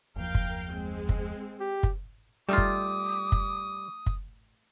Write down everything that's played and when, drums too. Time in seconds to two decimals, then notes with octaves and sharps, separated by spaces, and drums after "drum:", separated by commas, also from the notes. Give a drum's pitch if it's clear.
0.16 F#1 D#2 F3 A#4 F5 G5
0.34 drum: kick
0.72 G#3 C4
1.09 drum: kick
1.60 G4
1.83 drum: kick
2.49 G3 A3 D#4 F4 D6 D#6
2.58 drum: kick
3.32 drum: kick
4.06 drum: kick